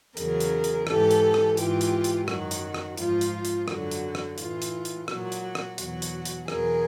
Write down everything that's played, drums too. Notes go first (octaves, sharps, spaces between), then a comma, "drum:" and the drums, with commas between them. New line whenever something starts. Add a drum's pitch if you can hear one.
E2 C#3 F#3 G#4 A#4, drum: hi-hat
drum: hi-hat
drum: hi-hat
G#2 E3 G4 A4, drum: rim click
drum: hi-hat
drum: rim click
G#2 E3 F4 G4, drum: hi-hat
drum: hi-hat
drum: hi-hat
F#2 D#3 F#3 F#4, drum: rim click
drum: hi-hat
drum: rim click
G#2 F3 F4, drum: hi-hat
drum: hi-hat
drum: hi-hat
F#2 D3 F#3 F#4, drum: rim click
drum: hi-hat
drum: rim click
A2 E3 F4, drum: hi-hat
drum: hi-hat
drum: hi-hat
A#2 F#3 F#4, drum: rim click
drum: hi-hat
drum: rim click
E2 B2 F#3 F#4, drum: hi-hat
drum: hi-hat
drum: hi-hat
E2 B2 F#3 G#4 A#4, drum: rim click